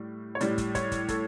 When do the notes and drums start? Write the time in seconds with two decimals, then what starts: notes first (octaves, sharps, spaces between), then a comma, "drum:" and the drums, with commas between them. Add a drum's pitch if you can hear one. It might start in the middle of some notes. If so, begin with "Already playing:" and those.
Already playing: A2 G3
0.35 C#5
0.41 A2 G3 D5, drum: hi-hat
0.58 drum: kick, hi-hat
0.75 C#5, drum: kick, hi-hat
0.92 drum: kick, hi-hat
1.08 A4, drum: kick, hi-hat